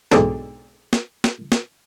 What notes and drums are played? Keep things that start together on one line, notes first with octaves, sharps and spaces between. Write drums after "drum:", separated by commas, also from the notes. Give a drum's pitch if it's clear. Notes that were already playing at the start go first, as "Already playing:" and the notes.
B1 G#2 D4 A4, drum: snare
drum: snare
drum: snare
drum: snare